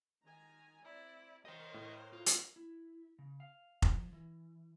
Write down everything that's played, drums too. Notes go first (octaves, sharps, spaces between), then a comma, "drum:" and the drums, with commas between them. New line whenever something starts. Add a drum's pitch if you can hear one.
D#3 G#5 A#5
C4 E4 D5
A#4 C5 C#5 D#5 F5 G5
A2
F4
drum: hi-hat
E4
C#3
F5
F3, drum: kick F1
E3